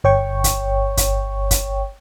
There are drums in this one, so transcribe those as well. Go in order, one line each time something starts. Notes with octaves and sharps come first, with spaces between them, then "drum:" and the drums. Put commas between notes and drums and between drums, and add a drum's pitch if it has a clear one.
G1 C#5 G5 C#6
drum: kick, hi-hat
drum: kick, hi-hat
drum: kick, hi-hat